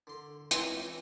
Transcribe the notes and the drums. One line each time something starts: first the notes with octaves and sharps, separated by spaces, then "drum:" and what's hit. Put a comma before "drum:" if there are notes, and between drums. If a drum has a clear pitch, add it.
D3 C6
C#2 E3 C4 C5 G#5, drum: hi-hat